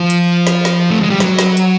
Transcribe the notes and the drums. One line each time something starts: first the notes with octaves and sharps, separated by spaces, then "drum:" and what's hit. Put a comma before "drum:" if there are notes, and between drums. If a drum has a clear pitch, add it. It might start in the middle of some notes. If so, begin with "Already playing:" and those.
Already playing: F3
drum: hi-hat
drum: snare
drum: snare
A3
G#3
G3
F#3, drum: snare
drum: snare
drum: hi-hat